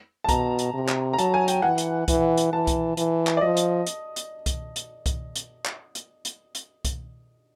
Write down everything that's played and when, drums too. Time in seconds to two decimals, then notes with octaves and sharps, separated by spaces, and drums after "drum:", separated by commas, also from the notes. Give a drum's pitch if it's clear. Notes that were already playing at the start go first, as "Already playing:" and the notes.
0.24 A5
0.29 B2 A#5, drum: kick C2, hi-hat
0.59 drum: hi-hat
0.74 C3
0.89 drum: clap
1.13 A#5
1.18 F#3 A5, drum: hi-hat
1.34 G#5
1.48 G5, drum: hi-hat
1.62 E3 F#5
1.78 drum: hi-hat
2.08 E3, drum: kick C2, hi-hat
2.38 drum: hi-hat
2.53 E3 A5
2.67 drum: kick C2, hi-hat
2.97 E3, drum: hi-hat
3.27 drum: clap
3.37 D5
3.41 F3 D#5
3.57 drum: hi-hat
3.87 drum: hi-hat
4.16 drum: hi-hat
4.46 drum: kick C2, hi-hat
4.76 drum: hi-hat
5.06 drum: kick C2, hi-hat
5.36 drum: hi-hat
5.65 drum: clap
5.95 drum: hi-hat
6.25 drum: hi-hat
6.55 drum: hi-hat
6.85 drum: kick C2, hi-hat